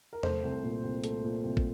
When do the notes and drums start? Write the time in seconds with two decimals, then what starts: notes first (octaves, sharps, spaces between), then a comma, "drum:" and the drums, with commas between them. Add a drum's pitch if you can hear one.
0.13 A#4
0.23 A3 C5, drum: tom E2
0.43 C2
0.63 A#2
0.83 C2
1.04 A3, drum: hi-hat
1.24 A#2
1.44 C2
1.57 drum: kick